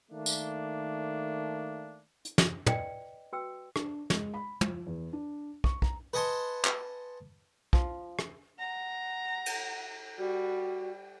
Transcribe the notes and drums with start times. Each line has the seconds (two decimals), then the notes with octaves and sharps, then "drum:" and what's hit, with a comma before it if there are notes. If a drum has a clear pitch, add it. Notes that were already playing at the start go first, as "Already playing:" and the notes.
0.11 D#3 A3 A#3 D4
0.26 drum: tambourine
2.25 drum: hi-hat
2.38 drum: snare
2.66 B4 D5 D#5 G5, drum: tom
3.33 F#4 B4 G5 E6
3.76 D4, drum: rim click
4.10 G#3, drum: snare
4.34 B5
4.61 F3, drum: tom
4.86 E2
5.13 D4
5.64 C#6, drum: kick
5.82 A#5, drum: kick
6.13 B4 D#5 F#5 G#5 A5 C6
6.65 drum: clap
7.73 F3, drum: kick
8.19 drum: rim click
8.59 F#5 A#5
9.46 drum: cymbal
10.18 G3 F#4